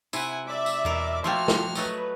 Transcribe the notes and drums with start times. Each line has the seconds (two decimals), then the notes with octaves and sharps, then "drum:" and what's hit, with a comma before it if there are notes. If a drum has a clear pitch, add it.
0.13 C3 E4 F#5 G#5, drum: tambourine
0.47 D5 E5 D6
0.66 drum: tambourine
0.85 E2 B2 A#4
1.24 F3 A3 A#3 F#4 G5 C6 F6
1.48 drum: snare
1.75 F#3 A3 B4 D#5, drum: tambourine